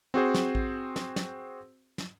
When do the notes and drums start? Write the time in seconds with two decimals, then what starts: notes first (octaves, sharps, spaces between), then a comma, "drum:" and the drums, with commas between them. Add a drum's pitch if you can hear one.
0.14 C4 F#4 G#4 C5
0.34 drum: snare
0.55 drum: kick A1
0.96 drum: snare
1.16 drum: snare
1.98 drum: snare